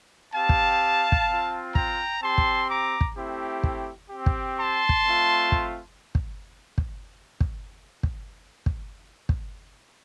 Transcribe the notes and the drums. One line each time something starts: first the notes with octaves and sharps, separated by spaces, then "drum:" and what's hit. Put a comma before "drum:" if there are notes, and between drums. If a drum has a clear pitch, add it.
C4 G4 F5 A5
drum: kick
drum: kick
C4 F4
G5 A#5, drum: kick
C4 G4 A5 C6
drum: kick
A#5 D6
drum: kick
A3 C4 E4 G4
drum: kick
C4 G4
drum: kick
A5 C6
drum: kick
A3 C4 F4
drum: kick
drum: kick
drum: kick
drum: kick
drum: kick
drum: kick
drum: kick